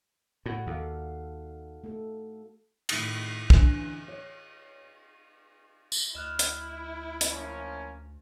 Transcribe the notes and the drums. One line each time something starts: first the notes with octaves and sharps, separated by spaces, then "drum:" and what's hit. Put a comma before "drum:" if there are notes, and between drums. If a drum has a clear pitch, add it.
A2 F#4 F#5
D#2 D#4 A4 F5
A3 A4
A2 D#3 A6, drum: cymbal
D2 E3 C#4 F#6, drum: kick
C#5
drum: tambourine
D2 E4 D#5 F6 F#6
drum: hi-hat
drum: hi-hat
F3 A#3 C#4